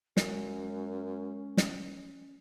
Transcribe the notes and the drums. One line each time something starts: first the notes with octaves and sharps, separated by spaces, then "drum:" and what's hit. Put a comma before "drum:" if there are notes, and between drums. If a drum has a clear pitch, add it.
F#2 G#3 C#4, drum: snare
drum: snare